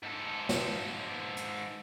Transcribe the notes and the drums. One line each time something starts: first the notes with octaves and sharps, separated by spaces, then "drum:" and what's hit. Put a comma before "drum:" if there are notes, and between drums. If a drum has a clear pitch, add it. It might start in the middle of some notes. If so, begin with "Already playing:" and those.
G#2 A4
drum: snare
drum: hi-hat